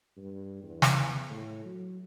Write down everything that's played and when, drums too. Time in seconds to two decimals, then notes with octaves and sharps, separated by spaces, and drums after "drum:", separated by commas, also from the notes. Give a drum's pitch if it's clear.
0.17 G2
0.63 E2
0.82 drum: snare
1.29 A2
1.65 F#3